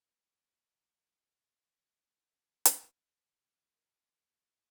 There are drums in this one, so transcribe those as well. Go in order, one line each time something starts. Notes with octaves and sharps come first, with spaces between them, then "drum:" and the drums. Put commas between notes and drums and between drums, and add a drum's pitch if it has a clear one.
B4
D#4
drum: hi-hat
A#4